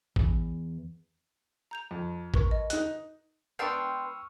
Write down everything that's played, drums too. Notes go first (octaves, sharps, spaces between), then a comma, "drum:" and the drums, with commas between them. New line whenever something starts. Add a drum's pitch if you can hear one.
E2, drum: kick
A#5 G6 F7
F2
A#4 B4 C#6, drum: kick
D#5
D#4 F#6, drum: hi-hat
B3 D4 B4 G5 C6 C#6 E6 F6